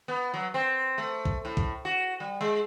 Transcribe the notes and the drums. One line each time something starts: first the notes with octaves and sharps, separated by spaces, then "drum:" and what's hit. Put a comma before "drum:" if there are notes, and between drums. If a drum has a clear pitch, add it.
B3
F#3
C4
A3
drum: kick
A2
drum: kick
F#4
G3
G#3